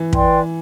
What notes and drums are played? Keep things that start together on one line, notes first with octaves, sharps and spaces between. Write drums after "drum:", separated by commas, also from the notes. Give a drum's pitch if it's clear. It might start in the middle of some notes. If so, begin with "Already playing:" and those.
Already playing: E3
B4 D5 G5 C6, drum: kick